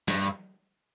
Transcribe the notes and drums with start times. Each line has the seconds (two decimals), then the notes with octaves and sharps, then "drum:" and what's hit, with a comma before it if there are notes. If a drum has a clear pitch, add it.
0.08 G2, drum: snare